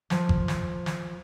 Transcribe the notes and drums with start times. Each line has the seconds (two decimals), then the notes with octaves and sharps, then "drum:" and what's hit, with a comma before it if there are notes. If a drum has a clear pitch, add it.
0.10 F3 A5, drum: snare
0.29 drum: kick G#1
0.48 drum: snare
0.86 drum: snare